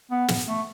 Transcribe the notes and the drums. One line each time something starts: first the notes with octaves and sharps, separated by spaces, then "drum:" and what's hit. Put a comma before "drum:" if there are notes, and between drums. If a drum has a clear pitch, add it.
B3
drum: snare
A3